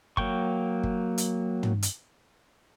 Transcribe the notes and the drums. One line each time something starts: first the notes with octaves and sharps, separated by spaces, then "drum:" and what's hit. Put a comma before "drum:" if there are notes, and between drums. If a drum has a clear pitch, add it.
F#3 A#3 G5 C#6, drum: kick
drum: kick
drum: hi-hat
drum: tom
drum: hi-hat